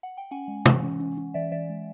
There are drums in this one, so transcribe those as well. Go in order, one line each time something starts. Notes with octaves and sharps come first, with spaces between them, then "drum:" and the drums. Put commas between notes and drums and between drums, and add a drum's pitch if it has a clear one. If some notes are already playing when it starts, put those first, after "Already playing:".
F#5
G5
C#4 F#5 G#5
G#3
E3, drum: tom
C#4
C#4
C#4
E3 D5 E5
E3 D5 E5
G#3